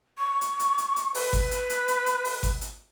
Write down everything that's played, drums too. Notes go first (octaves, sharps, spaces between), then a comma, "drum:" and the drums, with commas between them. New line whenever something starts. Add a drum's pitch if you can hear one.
C#6
drum: hi-hat
drum: hi-hat
drum: hi-hat
drum: hi-hat
B4, drum: open hi-hat
drum: kick G#1, hi-hat
drum: hi-hat
drum: hi-hat
drum: hi-hat
drum: hi-hat
drum: open hi-hat
drum: kick G#1, hi-hat
drum: hi-hat